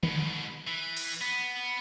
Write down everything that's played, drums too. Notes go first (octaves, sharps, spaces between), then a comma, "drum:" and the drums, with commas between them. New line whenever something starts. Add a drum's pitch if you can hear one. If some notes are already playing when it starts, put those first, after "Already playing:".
G#2 B2, drum: tom D3
E3
drum: cymbal
B3